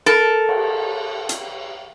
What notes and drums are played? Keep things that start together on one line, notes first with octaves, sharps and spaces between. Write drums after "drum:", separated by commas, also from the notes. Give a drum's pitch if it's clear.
A4 A#4
drum: cymbal
drum: hi-hat